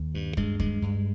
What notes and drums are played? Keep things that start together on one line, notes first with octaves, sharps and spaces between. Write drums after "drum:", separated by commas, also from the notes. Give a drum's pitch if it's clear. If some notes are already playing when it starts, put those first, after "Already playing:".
Already playing: D#2
G2
G2 G#3, drum: kick
G2 G#3, drum: kick
G2